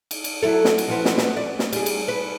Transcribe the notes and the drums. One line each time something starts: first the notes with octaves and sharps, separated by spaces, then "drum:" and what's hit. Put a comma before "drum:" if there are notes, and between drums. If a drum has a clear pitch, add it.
drum: cymbal
drum: cymbal
F#3 E4 A4
drum: snare
drum: cymbal
E3 F3 B3
drum: snare
B3, drum: snare
D5
drum: snare
G3 G#4, drum: cymbal
drum: cymbal
B4